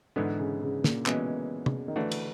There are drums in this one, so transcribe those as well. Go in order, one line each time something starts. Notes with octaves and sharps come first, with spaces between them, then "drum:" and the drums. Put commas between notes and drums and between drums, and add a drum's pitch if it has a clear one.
G#2 D3 E3 G#3 B3
C#3
C#3
A#2, drum: snare
B2 E3 G#3 C#4, drum: clap
C#3, drum: tom
D#3
D3 E3 A3 D4 F#4
drum: cymbal